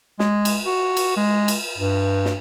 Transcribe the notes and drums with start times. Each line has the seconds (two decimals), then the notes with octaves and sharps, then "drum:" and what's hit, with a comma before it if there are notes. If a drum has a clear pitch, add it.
0.19 G#3, drum: snare
0.45 drum: cymbal
0.66 F#4
0.97 drum: cymbal
1.17 G#3
1.48 drum: cymbal
1.78 G2
2.25 drum: snare